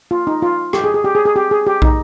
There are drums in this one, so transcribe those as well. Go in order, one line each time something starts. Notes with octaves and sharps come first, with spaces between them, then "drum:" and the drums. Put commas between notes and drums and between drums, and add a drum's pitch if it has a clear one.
F4
D#4
F4
G4, drum: rim click
G#4
G#4
G4
G#4
G#4
G4
G#4
G4
D#4, drum: kick